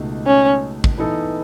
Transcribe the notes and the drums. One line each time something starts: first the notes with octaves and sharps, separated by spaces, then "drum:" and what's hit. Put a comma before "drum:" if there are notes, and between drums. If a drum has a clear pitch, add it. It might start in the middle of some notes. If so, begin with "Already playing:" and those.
Already playing: C#2 B2 A3 D#4 A4
C#4
drum: kick
E3 B3 D#4 A4